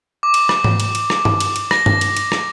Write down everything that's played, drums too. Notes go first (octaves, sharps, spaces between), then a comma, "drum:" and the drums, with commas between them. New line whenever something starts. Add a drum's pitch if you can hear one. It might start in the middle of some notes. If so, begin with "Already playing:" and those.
D6
drum: cymbal
drum: rim click
drum: tom G#2
drum: cymbal
drum: cymbal
drum: rim click
drum: tom G2
drum: cymbal
drum: cymbal
A#6, drum: rim click
drum: tom G2
drum: cymbal
drum: cymbal
drum: rim click